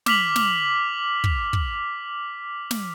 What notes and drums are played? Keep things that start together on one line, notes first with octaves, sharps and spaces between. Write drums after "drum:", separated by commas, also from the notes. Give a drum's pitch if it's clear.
D6 F6 B6 F7 F#7, drum: snare
drum: snare
drum: kick
drum: kick
drum: snare